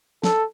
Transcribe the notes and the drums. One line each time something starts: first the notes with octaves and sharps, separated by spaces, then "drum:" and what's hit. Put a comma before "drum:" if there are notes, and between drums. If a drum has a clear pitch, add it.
A4, drum: snare